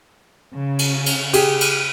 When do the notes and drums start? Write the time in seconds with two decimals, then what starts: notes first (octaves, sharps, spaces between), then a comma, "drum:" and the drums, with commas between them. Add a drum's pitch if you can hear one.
0.55 C#3
0.79 drum: cymbal
1.06 drum: cymbal
1.33 G4 G#4, drum: cymbal
1.61 drum: cymbal